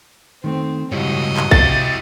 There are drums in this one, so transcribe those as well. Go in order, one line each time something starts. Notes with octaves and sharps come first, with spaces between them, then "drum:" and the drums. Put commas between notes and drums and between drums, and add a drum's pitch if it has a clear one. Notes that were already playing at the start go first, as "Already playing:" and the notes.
D#3 A3 C4
C#2 G2 E4 F#4 G4 C#5 D#5
drum: clap
C3 E4 G4 F5 A6, drum: kick